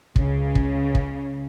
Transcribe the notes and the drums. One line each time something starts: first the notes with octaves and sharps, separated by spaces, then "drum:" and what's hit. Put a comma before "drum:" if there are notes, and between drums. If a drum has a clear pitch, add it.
C#2 C#3, drum: kick
drum: kick
drum: kick